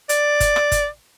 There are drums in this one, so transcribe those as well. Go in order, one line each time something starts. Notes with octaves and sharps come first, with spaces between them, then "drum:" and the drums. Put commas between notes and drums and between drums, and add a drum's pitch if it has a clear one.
D5, drum: hi-hat
drum: kick G1, hi-hat
drum: rim click
drum: kick G1, hi-hat